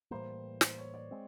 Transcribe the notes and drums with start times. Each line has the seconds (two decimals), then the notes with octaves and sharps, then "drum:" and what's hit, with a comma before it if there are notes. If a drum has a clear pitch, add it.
0.11 A2 E3 G3 A#3 C5
0.61 C5, drum: snare
0.78 C#5
0.94 D5
1.11 G#3 C4